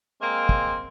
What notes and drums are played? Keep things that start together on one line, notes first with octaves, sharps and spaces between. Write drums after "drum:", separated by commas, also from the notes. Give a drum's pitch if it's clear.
G#3 A#3 C4
drum: kick